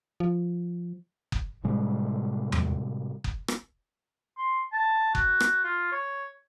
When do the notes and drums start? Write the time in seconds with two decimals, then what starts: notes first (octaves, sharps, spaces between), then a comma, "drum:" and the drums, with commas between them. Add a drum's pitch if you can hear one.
0.20 F3
1.32 drum: kick F#1
1.64 A2 C3 G3 G#3
2.52 drum: tom E2
3.24 drum: kick F#1
3.48 drum: rim click
4.38 C6
4.73 A5
5.15 F#4, drum: kick F#1
5.40 drum: rim click
5.64 F4
5.92 C#5